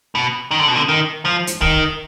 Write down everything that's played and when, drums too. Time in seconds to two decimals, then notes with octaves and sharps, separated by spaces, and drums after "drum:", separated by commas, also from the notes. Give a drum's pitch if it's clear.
0.15 B2
0.51 D#3
0.59 D3
0.68 B2
0.76 D3
0.88 D#3
1.25 F3
1.47 drum: hi-hat
1.61 D#3, drum: kick